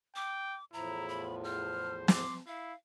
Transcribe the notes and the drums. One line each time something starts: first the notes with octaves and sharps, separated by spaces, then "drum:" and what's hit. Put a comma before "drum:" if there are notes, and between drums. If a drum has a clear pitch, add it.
G5 D6
E2 A2 F3 E4 A#5
B5
C5 F6
C6 D6, drum: snare
E4 F5